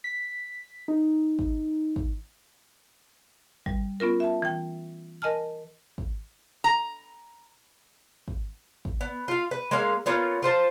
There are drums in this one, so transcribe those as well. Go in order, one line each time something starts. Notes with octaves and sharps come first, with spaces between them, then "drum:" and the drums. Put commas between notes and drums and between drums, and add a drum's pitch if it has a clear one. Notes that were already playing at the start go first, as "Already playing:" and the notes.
B6
D#4
drum: kick
drum: kick
G3, drum: kick
B3 C#4 F4 A#4
E5 A5
E3 G5
A#4 D#5 G#5 A5 F6
drum: kick
A#5
drum: kick
drum: kick
B3
F4 F5
B4
G#3 A#3 C#4 F5
A#3 B3 C#4 F4
F4 C5 A5